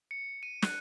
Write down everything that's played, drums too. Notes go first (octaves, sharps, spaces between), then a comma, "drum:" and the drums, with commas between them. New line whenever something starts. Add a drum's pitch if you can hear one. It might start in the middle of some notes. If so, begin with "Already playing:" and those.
C#7
D#7
F#6, drum: snare